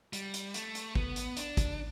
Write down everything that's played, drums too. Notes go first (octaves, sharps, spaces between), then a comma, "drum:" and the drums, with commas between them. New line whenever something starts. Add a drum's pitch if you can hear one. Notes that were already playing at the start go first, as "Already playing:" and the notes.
G3, drum: hi-hat
drum: hi-hat
A3, drum: hi-hat
drum: hi-hat
B3, drum: kick
drum: hi-hat
D4, drum: hi-hat
drum: kick, hi-hat